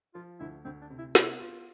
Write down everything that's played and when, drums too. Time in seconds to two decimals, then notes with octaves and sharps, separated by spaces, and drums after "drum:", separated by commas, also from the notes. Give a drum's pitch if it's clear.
0.14 F3 F4
0.40 D2 E4
0.65 D2 C4
0.82 D4
0.90 C3
0.99 E4
1.15 B3 E4, drum: snare
1.41 F4